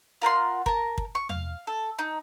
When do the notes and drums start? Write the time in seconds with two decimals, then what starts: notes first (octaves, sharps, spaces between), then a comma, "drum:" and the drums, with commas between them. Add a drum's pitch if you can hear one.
0.22 F4 A#4 F#5 C6
0.66 A#4 A5, drum: kick
0.98 drum: kick
1.15 C#6
1.29 F5, drum: tom E2
1.67 A4
1.99 D#4